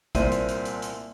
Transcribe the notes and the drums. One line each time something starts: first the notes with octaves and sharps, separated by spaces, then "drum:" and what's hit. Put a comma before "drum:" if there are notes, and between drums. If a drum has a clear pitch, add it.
C2 A#2 C5 D5 E5 D#7, drum: kick, hi-hat
drum: hi-hat
drum: hi-hat
drum: hi-hat
drum: hi-hat